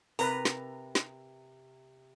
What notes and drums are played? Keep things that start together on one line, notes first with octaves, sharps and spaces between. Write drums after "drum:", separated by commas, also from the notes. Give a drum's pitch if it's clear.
C3 A#4 B4 A#5, drum: open hi-hat
drum: snare
drum: snare